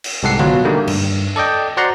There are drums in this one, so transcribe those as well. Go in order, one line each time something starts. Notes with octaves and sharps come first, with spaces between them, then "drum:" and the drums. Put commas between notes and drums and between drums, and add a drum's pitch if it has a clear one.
drum: cymbal
C2 G#2 G4 A4 F#5 C7
B2 F#3 F4, drum: tom D3
D3 D#3 G3 A3 A#3
G2, drum: cymbal
A4 D5 D#5 G5
F#4 C5 D5 F#5 A#5 C6